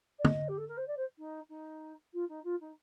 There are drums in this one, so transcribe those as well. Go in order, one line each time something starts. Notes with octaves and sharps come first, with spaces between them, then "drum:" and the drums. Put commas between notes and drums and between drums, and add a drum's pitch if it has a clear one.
D5
D#5, drum: tom
G4
A4
A#4
C5
D5
C5
D#4
D#4
F4
D#4
F4
D#4